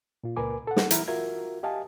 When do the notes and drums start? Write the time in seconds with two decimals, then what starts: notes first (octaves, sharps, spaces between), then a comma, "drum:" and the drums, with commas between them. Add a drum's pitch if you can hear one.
0.24 A#2 F4
0.36 C#2 A#2 A#4 B4 G#5 D6
0.67 A4 F#5
0.76 drum: snare
0.91 E3 E4 A#5 F6, drum: hi-hat
1.08 F4 F#4 A#4 E5 G#6
1.63 G4 D#5 F5 G#5 A5